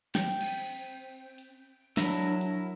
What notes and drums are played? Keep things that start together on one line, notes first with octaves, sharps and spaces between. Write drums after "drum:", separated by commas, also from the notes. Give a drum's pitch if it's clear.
C4 G5, drum: snare
drum: cymbal
drum: hi-hat
F#3 D4 E4 A#4 E5, drum: snare
drum: hi-hat